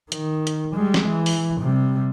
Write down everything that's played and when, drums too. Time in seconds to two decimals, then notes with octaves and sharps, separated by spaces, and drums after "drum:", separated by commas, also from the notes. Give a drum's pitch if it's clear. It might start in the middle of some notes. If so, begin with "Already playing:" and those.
0.12 D#3, drum: hi-hat
0.47 drum: hi-hat
0.73 G3 G#3
0.94 drum: snare
1.08 E3
1.26 drum: open hi-hat
1.61 C3 G3